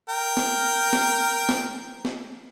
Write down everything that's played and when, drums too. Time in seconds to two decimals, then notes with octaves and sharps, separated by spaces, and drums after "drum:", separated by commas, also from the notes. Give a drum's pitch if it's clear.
0.09 A#4 G5
0.37 drum: snare
0.93 drum: snare
1.49 drum: snare
2.05 drum: snare